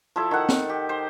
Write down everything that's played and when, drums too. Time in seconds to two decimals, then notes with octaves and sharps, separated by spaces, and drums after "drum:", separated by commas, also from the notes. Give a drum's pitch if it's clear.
0.16 F3 E4 A4
0.31 D#3 F#5
0.49 drum: snare
0.69 G4
0.89 C5